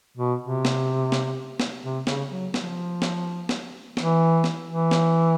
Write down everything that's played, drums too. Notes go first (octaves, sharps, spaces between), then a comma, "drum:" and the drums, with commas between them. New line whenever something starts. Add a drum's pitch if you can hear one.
B2
C3
drum: snare
drum: snare
drum: snare
C3
C#3, drum: snare
F#3
F3, drum: snare
drum: snare
drum: snare
E3, drum: snare
drum: snare
E3
drum: snare